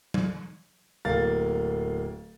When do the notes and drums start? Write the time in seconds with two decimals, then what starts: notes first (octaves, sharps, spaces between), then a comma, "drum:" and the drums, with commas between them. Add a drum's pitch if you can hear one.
0.14 drum: tom F#3
1.05 D1 A#3 F5 A6